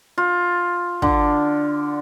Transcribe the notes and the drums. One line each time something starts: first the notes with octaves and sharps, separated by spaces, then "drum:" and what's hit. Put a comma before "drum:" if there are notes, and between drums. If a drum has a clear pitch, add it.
F4
D3, drum: kick